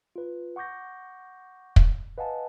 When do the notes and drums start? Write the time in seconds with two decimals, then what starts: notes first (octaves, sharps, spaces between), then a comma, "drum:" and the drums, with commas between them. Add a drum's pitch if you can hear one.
0.16 F4 B4
0.56 F#5 C#6 D6 G6 A#6
1.76 drum: kick
2.18 B4 D#5 F5 F#5 G#5 A5